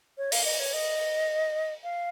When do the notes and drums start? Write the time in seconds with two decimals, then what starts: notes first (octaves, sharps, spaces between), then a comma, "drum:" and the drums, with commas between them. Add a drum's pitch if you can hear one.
0.18 C#5
0.32 F5, drum: open hi-hat
0.45 D#5
0.60 C#5
0.73 D#5
1.84 F5